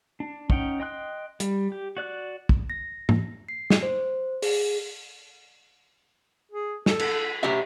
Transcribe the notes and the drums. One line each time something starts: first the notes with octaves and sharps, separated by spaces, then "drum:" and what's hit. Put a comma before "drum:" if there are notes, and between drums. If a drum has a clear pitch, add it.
D4
C#4 D#4 F#5 G5, drum: kick
D#5 G5 C6 F#6
G3, drum: hi-hat
G4
F#4 D5 F#6
drum: kick
A#6
drum: tom G#2
C7
drum: snare
C5
G#4, drum: open hi-hat
G#4
A4, drum: snare
drum: cymbal
G4 C#5 E5